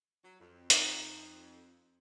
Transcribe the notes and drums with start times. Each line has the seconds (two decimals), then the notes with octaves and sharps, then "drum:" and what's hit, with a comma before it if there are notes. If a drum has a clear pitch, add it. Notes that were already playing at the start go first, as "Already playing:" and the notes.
0.24 F#3
0.40 F2
0.70 D#4 G5, drum: hi-hat